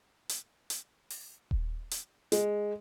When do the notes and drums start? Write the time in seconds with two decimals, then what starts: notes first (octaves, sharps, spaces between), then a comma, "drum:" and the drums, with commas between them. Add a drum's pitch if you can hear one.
0.29 drum: hi-hat
0.70 drum: hi-hat
1.10 drum: open hi-hat
1.51 drum: kick D#1
1.91 drum: hi-hat
2.32 G#3, drum: hi-hat